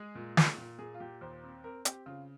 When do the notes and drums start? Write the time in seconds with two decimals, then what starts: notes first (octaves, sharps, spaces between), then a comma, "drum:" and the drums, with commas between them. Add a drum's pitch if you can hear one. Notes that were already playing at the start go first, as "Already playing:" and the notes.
Already playing: G#3 G#4
0.15 A#2
0.37 A#2, drum: snare
0.58 A#2
0.79 A#2 G#4
0.94 F4
1.00 A#2 G4
1.21 D#2 C5
1.43 C4
1.64 C4 A#4
1.85 C4 G4, drum: hi-hat
2.06 C#3 F4